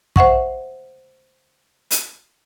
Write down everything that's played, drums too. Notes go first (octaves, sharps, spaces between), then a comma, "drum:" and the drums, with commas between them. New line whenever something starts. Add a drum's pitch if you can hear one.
C5 E5 F#5 C#6, drum: kick
drum: hi-hat